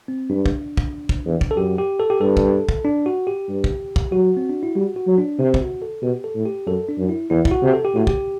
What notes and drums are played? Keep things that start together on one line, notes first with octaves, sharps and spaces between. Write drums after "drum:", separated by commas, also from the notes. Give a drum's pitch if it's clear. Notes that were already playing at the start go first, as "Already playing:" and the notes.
C4
G2 D4
drum: kick
drum: kick
drum: kick
E2
drum: kick
A4
F#2 G4
G4
A4
G4
G2 A4
drum: kick
drum: kick
D4
F#4
G4
G2
drum: kick
drum: kick
F#3 F#4
C4
D4
E4
G3 F#4
F#4
F#3
D4
C3 G4
G4, drum: kick
F#4
A4
B2 G4
A4
A2
G4
F#2 A4
D4
F#2
E4
E2 E4
E4, drum: kick
F#4
C3
A4
G4
A2 F#4
G4, drum: kick